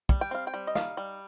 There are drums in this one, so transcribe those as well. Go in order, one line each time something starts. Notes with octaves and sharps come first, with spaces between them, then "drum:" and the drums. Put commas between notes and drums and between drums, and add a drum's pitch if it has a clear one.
G3, drum: kick
G5
C4 F5
G5
G3
D#5
D#4 F5, drum: snare
G3